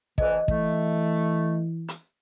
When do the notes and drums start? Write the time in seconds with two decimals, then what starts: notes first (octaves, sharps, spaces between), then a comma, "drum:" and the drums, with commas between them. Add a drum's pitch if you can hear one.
0.18 D2 E3 D#5, drum: kick
0.48 E3 A3, drum: kick
1.88 drum: hi-hat